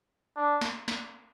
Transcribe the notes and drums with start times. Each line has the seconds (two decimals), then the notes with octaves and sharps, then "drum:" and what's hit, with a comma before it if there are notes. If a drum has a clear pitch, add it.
0.36 D4
0.61 drum: snare
0.88 drum: snare